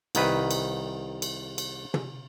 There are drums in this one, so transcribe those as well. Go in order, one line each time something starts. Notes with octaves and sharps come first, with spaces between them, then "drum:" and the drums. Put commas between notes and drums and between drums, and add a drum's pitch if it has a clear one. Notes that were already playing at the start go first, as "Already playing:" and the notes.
C2 D#3 B4, drum: cymbal
drum: cymbal
drum: cymbal
drum: cymbal
drum: tom